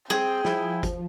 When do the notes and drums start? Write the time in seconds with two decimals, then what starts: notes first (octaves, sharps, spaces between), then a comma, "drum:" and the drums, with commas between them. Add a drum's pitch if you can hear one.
0.10 C4 G#4 G5, drum: snare
0.44 F3 E4, drum: snare
0.83 drum: kick, hi-hat